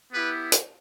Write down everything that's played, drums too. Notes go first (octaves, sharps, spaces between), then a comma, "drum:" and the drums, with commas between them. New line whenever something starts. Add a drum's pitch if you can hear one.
B3 E4 G4 B4
drum: hi-hat